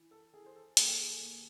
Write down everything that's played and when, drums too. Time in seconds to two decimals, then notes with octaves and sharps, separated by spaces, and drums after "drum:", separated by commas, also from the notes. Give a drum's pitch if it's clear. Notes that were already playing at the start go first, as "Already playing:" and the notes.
Already playing: E3
0.11 A4
0.33 E3 G#4
0.46 C5
0.56 A4
0.77 D#2 G#4, drum: hi-hat
0.88 A4
1.00 G#4
1.21 D#2